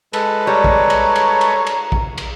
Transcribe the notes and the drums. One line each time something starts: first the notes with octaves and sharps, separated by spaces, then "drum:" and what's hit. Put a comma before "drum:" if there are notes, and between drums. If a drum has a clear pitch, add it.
G#3 A4 B4, drum: cymbal
G3 C#5 A#5
drum: kick
drum: cymbal
drum: cymbal
drum: cymbal
drum: cymbal
drum: kick
drum: cymbal